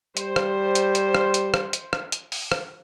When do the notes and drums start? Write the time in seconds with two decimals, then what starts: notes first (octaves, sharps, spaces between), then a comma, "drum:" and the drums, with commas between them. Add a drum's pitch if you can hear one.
0.17 G3 C5, drum: hi-hat
0.36 drum: rim click
0.75 drum: hi-hat
0.95 drum: hi-hat
1.15 drum: rim click
1.34 drum: hi-hat
1.54 drum: rim click
1.73 drum: hi-hat
1.93 drum: rim click
2.12 drum: hi-hat
2.32 drum: open hi-hat
2.52 drum: rim click